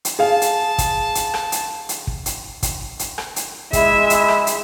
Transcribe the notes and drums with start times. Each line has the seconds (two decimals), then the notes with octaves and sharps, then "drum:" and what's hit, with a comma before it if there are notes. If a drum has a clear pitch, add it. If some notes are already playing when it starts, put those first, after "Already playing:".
0.05 drum: hi-hat
0.19 G#4 F5 A5
0.42 drum: hi-hat
0.78 drum: kick, hi-hat
1.15 drum: hi-hat
1.34 drum: rim click
1.52 drum: hi-hat
1.89 drum: hi-hat
2.07 drum: kick
2.26 drum: hi-hat
2.63 drum: kick, hi-hat
2.99 drum: hi-hat
3.18 drum: rim click
3.36 drum: hi-hat
3.73 G#3 E4 E5, drum: kick, hi-hat
4.10 drum: hi-hat
4.28 drum: rim click
4.47 drum: hi-hat